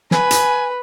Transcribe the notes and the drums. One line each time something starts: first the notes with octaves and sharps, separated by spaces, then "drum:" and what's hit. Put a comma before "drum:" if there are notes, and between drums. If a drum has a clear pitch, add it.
B4 G#5, drum: snare
drum: hi-hat